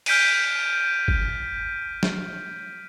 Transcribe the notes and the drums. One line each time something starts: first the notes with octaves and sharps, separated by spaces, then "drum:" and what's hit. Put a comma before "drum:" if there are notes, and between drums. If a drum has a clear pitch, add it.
F6 G6 B6 D7 D#7, drum: cymbal
drum: kick G1
drum: snare